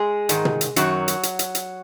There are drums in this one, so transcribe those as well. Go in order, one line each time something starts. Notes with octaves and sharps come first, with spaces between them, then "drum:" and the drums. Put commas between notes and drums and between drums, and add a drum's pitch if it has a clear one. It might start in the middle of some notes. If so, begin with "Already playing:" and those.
Already playing: G#3 G#4
G#2 D#3, drum: hi-hat
drum: tom
drum: hi-hat
F#2 D#3 F#3 F#4, drum: hi-hat
drum: hi-hat
drum: hi-hat
drum: hi-hat
drum: hi-hat